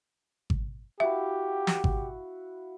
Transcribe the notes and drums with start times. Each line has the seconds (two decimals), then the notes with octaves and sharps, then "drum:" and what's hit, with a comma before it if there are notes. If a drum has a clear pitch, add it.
0.50 drum: kick G#1
1.00 E4 F#4 G4 E5 F5
1.67 drum: snare
1.84 drum: kick G#1